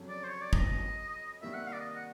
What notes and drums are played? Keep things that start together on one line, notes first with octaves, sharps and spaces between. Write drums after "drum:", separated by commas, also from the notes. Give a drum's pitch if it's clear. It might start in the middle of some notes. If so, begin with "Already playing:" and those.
Already playing: F2 C#3 F#3
D5
C5
C#5
D5
D#5, drum: kick
C3 D#3 G3 A#3 D4 E5
F#5
F5
D5
D#5
F#5